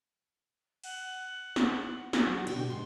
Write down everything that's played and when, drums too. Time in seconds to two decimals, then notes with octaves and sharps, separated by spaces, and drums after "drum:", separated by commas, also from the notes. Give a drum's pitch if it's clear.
0.84 F#5, drum: cymbal
1.56 drum: snare
2.13 drum: snare
2.23 F#3 F#4
2.47 B2 D3 G4, drum: cymbal
2.69 G#2 C6